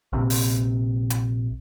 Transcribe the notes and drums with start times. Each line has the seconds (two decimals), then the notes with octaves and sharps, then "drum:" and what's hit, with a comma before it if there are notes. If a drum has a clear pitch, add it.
0.13 A#1 C3
0.30 drum: open hi-hat
1.10 drum: hi-hat